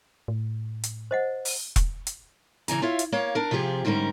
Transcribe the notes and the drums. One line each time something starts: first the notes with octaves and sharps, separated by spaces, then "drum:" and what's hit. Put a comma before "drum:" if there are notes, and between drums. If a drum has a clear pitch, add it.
A2
drum: hi-hat
C5 D#5 F#5
drum: open hi-hat
drum: kick E1, hi-hat
drum: hi-hat
C#3 E3 G#5 A#5, drum: hi-hat
E4 F4 C#5 E5 F5
drum: hi-hat
A#3 C#5 F5
D4 A#4
C3 F3 F4 G4 G#4
G#2 D3 G3 C#4 A#4